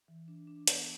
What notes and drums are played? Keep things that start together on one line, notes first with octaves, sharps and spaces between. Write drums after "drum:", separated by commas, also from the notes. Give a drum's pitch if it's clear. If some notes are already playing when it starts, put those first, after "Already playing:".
E3
D4
D4
B3, drum: hi-hat